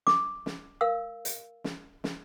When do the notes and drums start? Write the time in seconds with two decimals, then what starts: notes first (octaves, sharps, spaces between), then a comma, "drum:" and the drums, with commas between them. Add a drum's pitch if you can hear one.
0.07 D6, drum: snare
0.46 drum: snare
0.81 A#4 F5 E6
1.25 drum: hi-hat
1.64 drum: snare
2.04 drum: snare